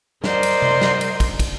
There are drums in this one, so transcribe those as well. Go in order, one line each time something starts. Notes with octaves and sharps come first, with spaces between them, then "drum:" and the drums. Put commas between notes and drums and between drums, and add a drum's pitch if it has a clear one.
A#4 C5 D5 D#5 C6, drum: snare
drum: cymbal
drum: tom C3
drum: snare
drum: cymbal
drum: kick, cymbal
drum: kick, cymbal